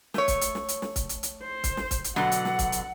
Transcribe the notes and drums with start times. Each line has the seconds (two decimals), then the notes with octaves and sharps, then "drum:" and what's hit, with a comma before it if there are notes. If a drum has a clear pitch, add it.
0.14 A3 C#5, drum: snare
0.28 drum: kick, hi-hat
0.41 drum: hi-hat
0.55 drum: snare
0.69 drum: hi-hat
0.82 drum: snare
0.96 drum: kick, hi-hat
1.09 drum: hi-hat
1.23 drum: hi-hat
1.42 C5
1.64 drum: kick, hi-hat
1.77 drum: snare
1.91 drum: kick, hi-hat
2.04 drum: hi-hat
2.16 B2 D3 F#3 F#5, drum: snare
2.32 drum: hi-hat
2.45 drum: snare
2.59 drum: kick, hi-hat
2.72 drum: hi-hat